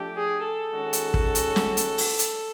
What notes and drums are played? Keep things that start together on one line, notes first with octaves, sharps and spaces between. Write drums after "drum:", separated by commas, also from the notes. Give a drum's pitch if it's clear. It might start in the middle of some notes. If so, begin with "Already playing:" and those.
Already playing: F3 A3 D4 G4
G#4
A4
D#3 G#3 C#4 F#4
drum: hi-hat
drum: kick
drum: hi-hat
drum: snare
drum: hi-hat
drum: open hi-hat
drum: hi-hat